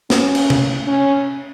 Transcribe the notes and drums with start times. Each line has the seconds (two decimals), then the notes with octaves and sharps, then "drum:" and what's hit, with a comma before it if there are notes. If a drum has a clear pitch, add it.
0.10 C#4, drum: snare
0.35 drum: cymbal
0.50 drum: tom C3
0.87 C#4